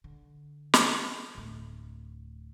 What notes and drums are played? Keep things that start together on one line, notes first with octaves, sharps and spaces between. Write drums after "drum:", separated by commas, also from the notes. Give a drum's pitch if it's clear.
D3
drum: snare
D1 A3